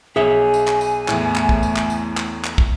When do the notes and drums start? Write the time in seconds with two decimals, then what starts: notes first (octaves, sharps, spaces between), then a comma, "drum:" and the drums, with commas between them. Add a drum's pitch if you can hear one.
0.16 B1 G#4 C#5 E5 G#5
0.54 drum: tambourine
0.67 drum: clap
0.81 drum: tambourine
1.08 E2 A2 A3, drum: clap
1.35 drum: clap
1.49 drum: kick
1.63 drum: tambourine
1.76 drum: clap
1.90 drum: tambourine
2.17 drum: clap
2.44 drum: clap
2.58 drum: kick